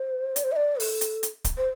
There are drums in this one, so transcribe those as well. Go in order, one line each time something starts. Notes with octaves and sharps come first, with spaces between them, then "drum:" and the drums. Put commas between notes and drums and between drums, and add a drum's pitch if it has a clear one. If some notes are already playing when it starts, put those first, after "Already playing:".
Already playing: C5
D5, drum: hi-hat
C5
E5
D5
A4, drum: open hi-hat
drum: hi-hat
drum: hi-hat
drum: kick C#1, hi-hat
C5